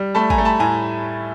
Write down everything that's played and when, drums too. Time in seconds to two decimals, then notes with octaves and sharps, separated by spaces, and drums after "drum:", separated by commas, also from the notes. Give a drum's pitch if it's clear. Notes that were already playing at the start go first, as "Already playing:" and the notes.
Already playing: G3
0.15 A3 A5 B5
0.30 G#5 A#5, drum: kick G#1
0.38 A3
0.45 A5 B5
0.60 A2 G#5 A#5